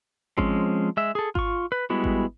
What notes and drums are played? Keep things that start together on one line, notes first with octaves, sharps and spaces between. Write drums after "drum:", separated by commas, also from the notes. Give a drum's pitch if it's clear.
F3 G#3 C4 C#4, drum: kick G#1
G#3 E5
G#4 A4
F4 C#6, drum: kick G#1
B4
G3 G#3 B3 E4 F#4
drum: kick G#1